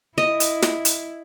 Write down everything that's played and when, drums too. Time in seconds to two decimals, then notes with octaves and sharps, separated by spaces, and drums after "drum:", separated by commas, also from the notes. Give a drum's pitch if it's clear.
0.18 E4 D#5
0.40 drum: hi-hat
0.62 drum: snare
0.85 drum: hi-hat